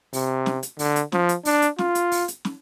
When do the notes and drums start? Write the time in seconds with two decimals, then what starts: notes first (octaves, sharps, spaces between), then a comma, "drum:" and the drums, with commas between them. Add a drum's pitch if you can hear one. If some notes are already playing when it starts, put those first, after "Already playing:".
0.13 C3, drum: open hi-hat
0.46 drum: snare
0.63 drum: hi-hat
0.79 D3, drum: open hi-hat
0.96 drum: hi-hat
1.12 F3, drum: snare
1.29 drum: hi-hat
1.45 D4, drum: open hi-hat
1.62 drum: hi-hat
1.78 F4, drum: snare
1.95 drum: hi-hat
2.12 drum: open hi-hat
2.28 drum: hi-hat
2.45 drum: snare